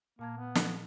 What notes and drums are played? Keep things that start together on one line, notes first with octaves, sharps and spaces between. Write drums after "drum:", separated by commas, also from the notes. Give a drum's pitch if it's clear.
A#2 A#3 A5 G#6
B3
F3, drum: snare